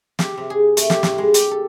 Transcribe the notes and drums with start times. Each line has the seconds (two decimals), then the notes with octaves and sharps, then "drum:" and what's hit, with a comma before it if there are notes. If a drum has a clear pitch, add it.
0.19 G4, drum: snare
0.37 C3
0.50 G#4
0.77 A3, drum: hi-hat
0.90 G4, drum: snare
1.03 A2, drum: snare
1.18 G#3
1.34 G4, drum: hi-hat
1.51 A4